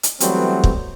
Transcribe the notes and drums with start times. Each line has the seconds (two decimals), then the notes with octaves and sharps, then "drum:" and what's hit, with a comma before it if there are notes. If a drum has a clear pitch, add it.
0.03 drum: hi-hat
0.20 E3 F#3 G3 A3 B3 C4, drum: hi-hat
0.64 drum: kick